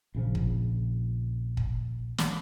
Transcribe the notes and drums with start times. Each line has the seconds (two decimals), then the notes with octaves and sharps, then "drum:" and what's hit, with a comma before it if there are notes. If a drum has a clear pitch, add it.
0.15 A#1 C#3 F3
0.35 drum: kick
1.57 drum: kick
2.18 drum: snare